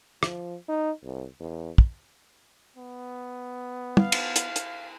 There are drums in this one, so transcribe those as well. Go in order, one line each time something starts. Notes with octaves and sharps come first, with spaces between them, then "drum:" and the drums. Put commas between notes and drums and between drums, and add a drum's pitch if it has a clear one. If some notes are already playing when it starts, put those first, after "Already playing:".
F3, drum: rim click
D#4
C2
E2
drum: kick
B3
F5, drum: tom
drum: cymbal
drum: hi-hat
drum: hi-hat